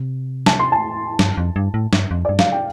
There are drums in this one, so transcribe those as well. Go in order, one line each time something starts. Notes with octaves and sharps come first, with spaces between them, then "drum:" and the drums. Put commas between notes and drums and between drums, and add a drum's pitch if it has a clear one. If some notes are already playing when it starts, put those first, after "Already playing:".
Already playing: C3
A5, drum: snare
C6
A5
G2, drum: snare
F2
G2
A2
G2, drum: snare
F2
G2 D5
F5, drum: snare
G5